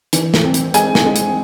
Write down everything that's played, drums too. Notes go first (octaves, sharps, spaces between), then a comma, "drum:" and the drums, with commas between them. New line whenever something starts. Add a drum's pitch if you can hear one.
E3, drum: hi-hat
drum: snare
C4
drum: hi-hat
G#3 G#5, drum: hi-hat
drum: snare
G#3
drum: hi-hat